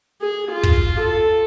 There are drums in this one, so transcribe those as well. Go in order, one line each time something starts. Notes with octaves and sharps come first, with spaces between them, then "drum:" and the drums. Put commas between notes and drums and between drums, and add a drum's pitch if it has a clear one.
G#4
F4
drum: kick
A4